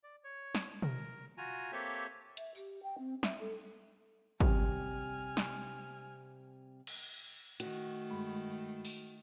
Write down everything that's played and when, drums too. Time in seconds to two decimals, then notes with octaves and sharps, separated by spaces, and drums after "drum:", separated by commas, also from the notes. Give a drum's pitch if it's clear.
0.03 D5
0.24 C#5
0.55 drum: snare
0.82 A#4, drum: tom B2
1.38 F4 F#4 G#5 A#5
1.72 A#3 C4 G4 A4 C#5 E5
2.37 E5, drum: hi-hat
2.55 G4, drum: tambourine
2.82 G5
2.98 C4
3.23 E5, drum: snare
3.39 A4
4.40 C3 G3 G#5 F6, drum: kick
5.37 drum: snare
6.87 drum: cymbal
7.60 D#3 A3 F#4, drum: hi-hat
8.11 G2 G#3 B5
8.85 drum: open hi-hat